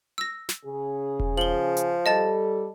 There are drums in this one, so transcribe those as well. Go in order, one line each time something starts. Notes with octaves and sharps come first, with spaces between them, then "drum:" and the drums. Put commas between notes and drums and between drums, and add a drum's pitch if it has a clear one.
E6 A#6
drum: snare
C#3 G#4
drum: kick E1
F3 F#7 G7
drum: hi-hat
G3 A4 D#5 A5 A6